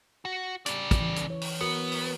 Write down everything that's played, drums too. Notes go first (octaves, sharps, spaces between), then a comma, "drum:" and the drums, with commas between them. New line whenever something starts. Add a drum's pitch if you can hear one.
F#4
C#3 D5, drum: hi-hat
drum: kick, hi-hat
E3
drum: hi-hat
C#5
drum: open hi-hat
B3 F#4 A#4 B4
drum: open hi-hat